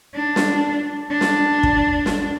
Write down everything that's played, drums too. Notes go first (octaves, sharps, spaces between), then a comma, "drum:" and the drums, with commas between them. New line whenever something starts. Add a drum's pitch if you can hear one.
D4
drum: snare
D4
drum: snare
drum: kick
drum: snare